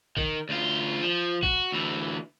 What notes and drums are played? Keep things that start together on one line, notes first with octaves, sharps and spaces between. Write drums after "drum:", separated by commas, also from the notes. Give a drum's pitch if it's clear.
D#3, drum: kick
D2 F4
F3
F#4, drum: kick
D2 E3